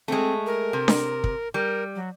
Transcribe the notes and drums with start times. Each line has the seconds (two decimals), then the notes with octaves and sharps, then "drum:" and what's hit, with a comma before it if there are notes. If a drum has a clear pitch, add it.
0.08 G#3 A3 C4
0.46 A#4
0.73 C3
0.88 drum: snare D4
1.24 drum: kick
1.54 G3 A#4
1.96 F#3